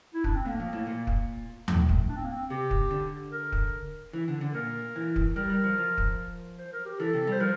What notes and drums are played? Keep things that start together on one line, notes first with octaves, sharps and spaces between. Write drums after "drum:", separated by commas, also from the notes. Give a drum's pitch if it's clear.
E4
D4, drum: kick
C4
A2 A#3
F2
A2
A#2
drum: kick
A2, drum: tom D#2
drum: kick
D4
C4
A#3
C4
C3 G4
drum: kick
D3
A#4
drum: kick
E3
D3
D3
A#2 A#4
E3
drum: kick
G3 A#4
G3
F3
F3
drum: kick
C5
A#4
G4
E3 A4
C3
G3
C5
F3 A#4